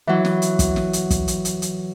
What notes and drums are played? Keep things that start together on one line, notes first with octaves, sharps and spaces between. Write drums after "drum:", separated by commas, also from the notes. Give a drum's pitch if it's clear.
E3 F#3
drum: snare
drum: hi-hat
drum: kick, hi-hat
drum: snare
drum: hi-hat
drum: kick, hi-hat
drum: hi-hat
drum: hi-hat
drum: hi-hat